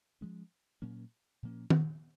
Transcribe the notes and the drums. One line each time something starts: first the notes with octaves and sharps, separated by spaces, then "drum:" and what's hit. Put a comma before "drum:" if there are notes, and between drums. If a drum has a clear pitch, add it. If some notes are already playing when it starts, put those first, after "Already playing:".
F3 G#3 C#4
A#2 F#3 A#3 C#4
A#2 F3 A#3 C#4
drum: tom D#3